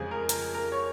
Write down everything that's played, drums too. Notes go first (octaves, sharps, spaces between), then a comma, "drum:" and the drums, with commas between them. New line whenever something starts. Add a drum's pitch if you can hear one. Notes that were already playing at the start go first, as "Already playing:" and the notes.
Already playing: F2 C#3 F3 G#3 G#4
A#4
A#4, drum: hi-hat
A#4
C#5